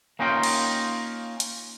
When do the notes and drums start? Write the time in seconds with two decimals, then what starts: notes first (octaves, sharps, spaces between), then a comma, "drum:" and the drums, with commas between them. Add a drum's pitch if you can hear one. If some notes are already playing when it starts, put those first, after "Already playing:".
0.19 A#3 C#4 D#4 F4 G5
0.43 drum: cymbal
1.40 drum: hi-hat